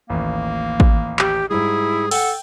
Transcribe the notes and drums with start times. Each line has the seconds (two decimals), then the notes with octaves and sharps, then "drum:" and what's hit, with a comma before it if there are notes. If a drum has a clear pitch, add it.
0.10 A1 D#2 A#3
0.80 drum: kick A1
1.19 G4, drum: clap
1.51 G#2 G3 E4 G#4
2.11 A4 F#5 G5, drum: open hi-hat